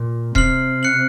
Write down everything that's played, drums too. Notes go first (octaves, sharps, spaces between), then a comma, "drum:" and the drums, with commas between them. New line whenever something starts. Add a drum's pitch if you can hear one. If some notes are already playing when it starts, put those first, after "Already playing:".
Already playing: A#2
C3 F6 C7 F#7, drum: kick D#1
F#6 C#7 F#7